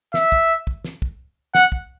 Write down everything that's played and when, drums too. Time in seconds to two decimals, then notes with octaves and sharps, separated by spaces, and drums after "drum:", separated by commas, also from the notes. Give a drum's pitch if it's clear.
0.14 E5, drum: snare
0.32 drum: kick
0.67 drum: kick
0.85 drum: snare
1.02 drum: kick
1.55 F#5, drum: snare
1.72 drum: kick